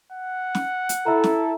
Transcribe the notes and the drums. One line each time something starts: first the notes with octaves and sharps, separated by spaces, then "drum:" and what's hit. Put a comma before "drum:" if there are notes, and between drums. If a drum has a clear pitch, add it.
F#5
drum: snare
drum: hi-hat
E4 A4 E5 A#5
drum: snare